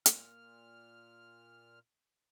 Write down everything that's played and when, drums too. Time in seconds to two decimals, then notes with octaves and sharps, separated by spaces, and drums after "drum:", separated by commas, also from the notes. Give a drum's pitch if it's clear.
0.06 A#2 F6, drum: hi-hat